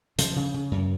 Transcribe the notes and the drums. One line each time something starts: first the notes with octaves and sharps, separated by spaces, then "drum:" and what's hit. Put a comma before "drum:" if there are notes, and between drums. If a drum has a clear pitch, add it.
C#3 F3, drum: hi-hat
C#3
C#3
F#2